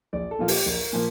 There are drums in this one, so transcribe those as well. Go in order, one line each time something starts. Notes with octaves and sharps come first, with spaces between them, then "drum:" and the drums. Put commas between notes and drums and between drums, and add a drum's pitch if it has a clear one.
A#1 D5
A4
A#2 F3 A#3 F4
G4, drum: open hi-hat
A#1 A#4
A#4
A#2 F3 A#3